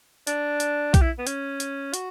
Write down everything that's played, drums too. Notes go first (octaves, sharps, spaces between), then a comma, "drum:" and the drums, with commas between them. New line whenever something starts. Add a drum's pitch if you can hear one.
D4, drum: hi-hat
drum: hi-hat
G4, drum: kick B1, hi-hat
E4
B3
C#4, drum: hi-hat
drum: hi-hat
F#4, drum: hi-hat